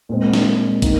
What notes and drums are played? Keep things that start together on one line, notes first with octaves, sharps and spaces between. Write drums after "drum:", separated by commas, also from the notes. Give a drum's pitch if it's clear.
A#2 G#3 C4
drum: snare
A#3 D#4, drum: kick, hi-hat